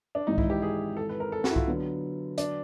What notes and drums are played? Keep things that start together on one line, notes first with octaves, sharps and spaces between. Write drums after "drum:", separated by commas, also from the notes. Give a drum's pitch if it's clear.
D4
G#1 G#2 E3 D#4
E4, drum: kick C2
G4
G#4
A4
B4
A#4
A4
F#4, drum: snare
E4
F4, drum: kick C2
D3 F#3 B3
D4, drum: hi-hat